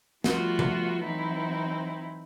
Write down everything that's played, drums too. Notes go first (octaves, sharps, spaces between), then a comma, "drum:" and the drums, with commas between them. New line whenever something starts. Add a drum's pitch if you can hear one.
F3 G3 A3 B3 F4 F#4, drum: snare
drum: tom C3
E3 F#3 C4 D#4 E4